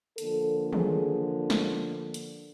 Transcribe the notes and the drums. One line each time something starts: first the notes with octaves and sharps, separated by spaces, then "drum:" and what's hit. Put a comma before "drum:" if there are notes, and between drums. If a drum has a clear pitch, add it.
D3 F3 A#3 A4, drum: hi-hat
G#4, drum: tom D#3
drum: snare
drum: hi-hat